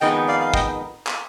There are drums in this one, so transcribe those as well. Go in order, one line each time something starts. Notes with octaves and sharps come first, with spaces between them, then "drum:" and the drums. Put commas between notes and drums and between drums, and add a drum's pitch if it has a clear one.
F2 D#3 G#3 B3 D#4 D#5 G5
D5 F5
F5
D#5 G5, drum: kick
drum: clap